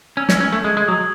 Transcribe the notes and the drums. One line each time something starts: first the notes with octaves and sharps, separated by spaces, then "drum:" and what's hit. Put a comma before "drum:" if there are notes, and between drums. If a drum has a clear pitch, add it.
C#4 E6
C#4, drum: snare
E6
C#4
A3 G#6
G#3
G#6
G#3
F#3 D#6